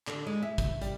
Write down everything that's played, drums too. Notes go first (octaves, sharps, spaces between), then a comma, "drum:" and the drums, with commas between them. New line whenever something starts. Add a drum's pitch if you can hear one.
D3, drum: clap
G#3
E5
drum: kick, hi-hat
G3, drum: hi-hat